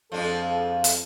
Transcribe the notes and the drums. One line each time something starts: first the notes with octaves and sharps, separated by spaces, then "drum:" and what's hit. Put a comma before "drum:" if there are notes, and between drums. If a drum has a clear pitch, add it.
F2 F3 G#3 D4 A4
drum: hi-hat